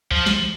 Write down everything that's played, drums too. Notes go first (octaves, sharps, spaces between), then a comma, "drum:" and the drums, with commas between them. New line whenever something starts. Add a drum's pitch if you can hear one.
F3, drum: kick
drum: snare